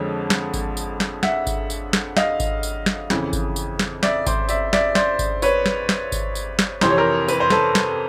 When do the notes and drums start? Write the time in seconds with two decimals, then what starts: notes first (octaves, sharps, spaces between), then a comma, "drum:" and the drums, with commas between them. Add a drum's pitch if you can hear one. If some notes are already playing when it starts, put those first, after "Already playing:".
Already playing: F2 D3 F3 G#3 C#4
0.30 drum: snare
0.54 drum: kick G#1, tambourine
0.77 drum: tambourine
1.00 drum: snare
1.23 E5 F#5, drum: snare
1.47 drum: kick G#1, tambourine
1.70 drum: tambourine
1.93 drum: snare
2.17 D#5 F5, drum: snare
2.40 drum: kick G#1, tambourine
2.63 drum: tambourine
2.86 drum: snare
3.10 F2 C#3 E3, drum: snare
3.33 drum: kick G#1, tambourine
3.56 drum: tambourine
3.79 drum: snare
4.03 D5 E5, drum: snare
4.26 C5 D5, drum: kick G#1, tambourine
4.49 D5 E5, drum: tambourine
4.73 D5 E5, drum: snare
4.95 C5 D5, drum: snare
5.19 drum: kick G#1, tambourine
5.42 B4 C#5, drum: tambourine
5.66 drum: snare
5.89 drum: snare
6.12 drum: kick G#1, tambourine
6.35 drum: tambourine
6.59 drum: snare
6.81 F2 C3 E3 C5, drum: snare
6.90 C#5
6.98 A#4 C5
7.28 B4, drum: tambourine
7.40 C5
7.50 A4 B4, drum: snare
7.75 drum: snare